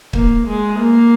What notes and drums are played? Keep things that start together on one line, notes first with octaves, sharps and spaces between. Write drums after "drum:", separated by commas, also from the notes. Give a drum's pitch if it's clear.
A#3, drum: kick
G#3
A#3